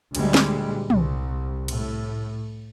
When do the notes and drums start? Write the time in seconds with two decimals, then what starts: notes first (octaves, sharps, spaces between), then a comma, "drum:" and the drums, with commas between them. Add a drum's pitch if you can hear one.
0.15 D2 A#2 G3 G#3, drum: cymbal
0.34 drum: snare
0.90 C2, drum: tom
1.68 A2, drum: cymbal